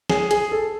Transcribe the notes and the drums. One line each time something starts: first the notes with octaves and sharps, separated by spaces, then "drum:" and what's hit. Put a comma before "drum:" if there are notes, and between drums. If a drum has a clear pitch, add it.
G#4, drum: snare
G#4, drum: hi-hat
A4